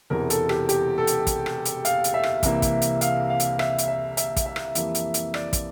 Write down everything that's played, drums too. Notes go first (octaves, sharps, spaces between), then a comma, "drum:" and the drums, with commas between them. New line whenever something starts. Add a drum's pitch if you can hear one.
E1 E2 C3 E3 A#4
A4, drum: hi-hat
G4, drum: rim click
G4, drum: hi-hat
A4
drum: hi-hat
drum: kick, hi-hat
drum: rim click
drum: hi-hat
F5, drum: hi-hat
drum: hi-hat
E5
drum: rim click
C2 C3 E3 A#3, drum: kick, hi-hat
drum: kick, hi-hat
drum: hi-hat
F5, drum: hi-hat
F5
drum: hi-hat
E5, drum: rim click
drum: hi-hat
E5
E5, drum: hi-hat
drum: kick, hi-hat
E5
drum: rim click
F2 E3 G3 A#3, drum: hi-hat
drum: hi-hat
drum: hi-hat
D5, drum: rim click
drum: kick, hi-hat